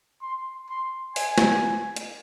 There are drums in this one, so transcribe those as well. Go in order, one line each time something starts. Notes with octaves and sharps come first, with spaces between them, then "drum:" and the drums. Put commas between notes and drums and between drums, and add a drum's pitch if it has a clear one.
C6
C6
G#5, drum: open hi-hat
drum: snare
drum: hi-hat